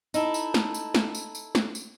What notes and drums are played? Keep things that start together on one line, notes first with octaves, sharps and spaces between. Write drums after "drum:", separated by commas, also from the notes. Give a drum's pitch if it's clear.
D#4 E4 A4, drum: tambourine
drum: tambourine
drum: snare
drum: tambourine
drum: snare
drum: tambourine
drum: tambourine
drum: snare
drum: tambourine